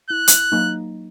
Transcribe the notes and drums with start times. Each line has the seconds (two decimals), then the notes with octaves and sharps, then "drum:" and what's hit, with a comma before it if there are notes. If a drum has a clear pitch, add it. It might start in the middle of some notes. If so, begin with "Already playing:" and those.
0.10 E4 F#6
0.28 drum: hi-hat
0.52 F#3 A#3 D#4